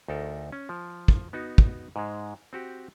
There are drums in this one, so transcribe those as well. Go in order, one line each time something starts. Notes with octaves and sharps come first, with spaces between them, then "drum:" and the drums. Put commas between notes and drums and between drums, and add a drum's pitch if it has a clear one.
D2 D#4 A4 A#4
C#4
F3
drum: kick
B3 D#4 F#4
drum: kick
G#2 G#3
C4 F#4 G4